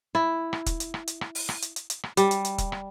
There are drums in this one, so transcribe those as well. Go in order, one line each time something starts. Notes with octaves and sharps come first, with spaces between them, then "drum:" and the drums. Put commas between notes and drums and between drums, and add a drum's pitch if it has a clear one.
E4
drum: rim click
drum: kick E1, hi-hat
drum: hi-hat
drum: rim click
drum: hi-hat
drum: rim click
drum: open hi-hat
drum: rim click
drum: hi-hat
drum: hi-hat
drum: hi-hat
drum: rim click
G3, drum: hi-hat
drum: hi-hat
drum: hi-hat
drum: kick E1, hi-hat
drum: rim click